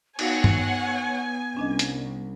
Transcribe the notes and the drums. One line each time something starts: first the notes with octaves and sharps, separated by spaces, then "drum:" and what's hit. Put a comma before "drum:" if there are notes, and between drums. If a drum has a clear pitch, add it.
B3 D#4 F#4 C#5 F5 F#5 G#5, drum: cymbal
drum: tom G2
C2 C#4 D4 D#5
drum: hi-hat